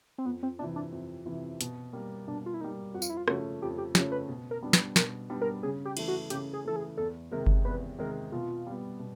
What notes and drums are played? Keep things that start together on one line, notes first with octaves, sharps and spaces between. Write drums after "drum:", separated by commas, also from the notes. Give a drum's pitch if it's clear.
C4
F2 B3
C4
C3 E3 D4
D4
F2
C3 E3
B2, drum: hi-hat
G3 A#3
B2 D4
F4
E4
G3 A#3 D#4
F2 F#4
F4, drum: tambourine
E4
F4
C#3 F3 A3 C#4 F#4, drum: rim click
F2 G4
G4
C#3 F3 A3 C#4 G4, drum: snare
B4
B2
A#4
G3 B3 D4
B4, drum: snare
B2 A#4, drum: snare
G3 B3 D4
A#4
C#3 G#4
G4
E3 A3, drum: cymbal
F#4
C#3 G4, drum: hi-hat
G#4
E3 A3 A4
G#4
E2 A4
C3 D#3 G#3 A#4
drum: kick G1
E2 B4
C3 D#3 G#3 A#4
B2 F4
G3 B3
B2